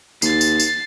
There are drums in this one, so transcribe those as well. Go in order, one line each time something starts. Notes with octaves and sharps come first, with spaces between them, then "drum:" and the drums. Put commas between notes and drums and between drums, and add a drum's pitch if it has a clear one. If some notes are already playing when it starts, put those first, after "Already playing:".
D#2 A6 C7, drum: tambourine
drum: tambourine
drum: tambourine